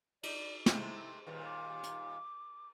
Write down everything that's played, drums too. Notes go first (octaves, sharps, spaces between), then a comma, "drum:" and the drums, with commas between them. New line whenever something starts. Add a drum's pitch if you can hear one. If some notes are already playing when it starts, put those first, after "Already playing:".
D#4 D5, drum: cymbal
C3 G#3 A3 E4, drum: snare
D#2 A#2 G3 B4
D6
drum: hi-hat